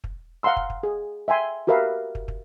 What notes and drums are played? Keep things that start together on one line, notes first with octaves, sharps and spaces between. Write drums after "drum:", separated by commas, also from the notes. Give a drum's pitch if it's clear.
drum: kick
F5 F#5 A#5 C6 E6
drum: kick
drum: kick
G#4
E5 G5 G#5 C6
F#4 G4 A#4 B4 E5 F5
drum: kick
drum: kick